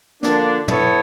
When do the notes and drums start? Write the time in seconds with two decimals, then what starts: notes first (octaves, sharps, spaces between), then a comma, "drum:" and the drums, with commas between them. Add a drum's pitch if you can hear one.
0.23 D3 F3 A#3 D4, drum: snare
0.68 B3 E4 A4 C#5, drum: tom